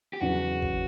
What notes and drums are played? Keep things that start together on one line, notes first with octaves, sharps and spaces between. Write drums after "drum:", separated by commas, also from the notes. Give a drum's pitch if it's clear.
G4
E2 C#3 F#3 F#4
drum: kick